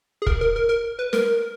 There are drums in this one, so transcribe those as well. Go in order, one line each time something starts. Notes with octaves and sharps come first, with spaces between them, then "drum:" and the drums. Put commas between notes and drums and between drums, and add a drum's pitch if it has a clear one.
G#4
A#4, drum: kick
A#4
A#4
A#4
B4
A#4, drum: snare